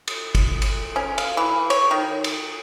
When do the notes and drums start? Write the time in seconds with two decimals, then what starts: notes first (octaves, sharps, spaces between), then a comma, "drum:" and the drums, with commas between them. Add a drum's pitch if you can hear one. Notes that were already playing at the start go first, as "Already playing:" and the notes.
0.08 drum: cymbal
0.35 drum: kick G1, cymbal
0.62 drum: cymbal
0.96 C#4
1.18 F5, drum: cymbal
1.37 E3
1.70 C#5, drum: cymbal
1.91 D#3
2.24 drum: cymbal